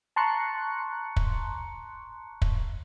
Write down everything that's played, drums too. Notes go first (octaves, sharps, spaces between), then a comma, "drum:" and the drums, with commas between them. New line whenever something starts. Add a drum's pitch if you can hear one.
A5 A#5 C6 C#6 F#6 C#7
drum: kick
drum: kick